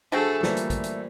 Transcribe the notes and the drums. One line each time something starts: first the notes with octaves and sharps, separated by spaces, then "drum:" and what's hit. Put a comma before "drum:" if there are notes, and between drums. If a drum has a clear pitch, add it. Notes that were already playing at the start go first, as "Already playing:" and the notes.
A3 D4 F#4 G#4 A4 C5 G5
A2 E3 G3 A#3 F4 C5 D5, drum: snare
drum: hi-hat
drum: kick, hi-hat
drum: hi-hat